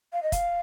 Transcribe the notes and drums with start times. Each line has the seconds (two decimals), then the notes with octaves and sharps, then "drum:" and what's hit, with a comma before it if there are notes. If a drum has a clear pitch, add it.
0.13 F5
0.23 D#5
0.32 F5, drum: kick, hi-hat